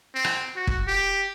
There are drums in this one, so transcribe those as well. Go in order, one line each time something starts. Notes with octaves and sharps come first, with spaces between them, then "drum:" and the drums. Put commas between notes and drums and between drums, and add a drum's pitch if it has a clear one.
C4
drum: rim click
F#4
drum: kick
G4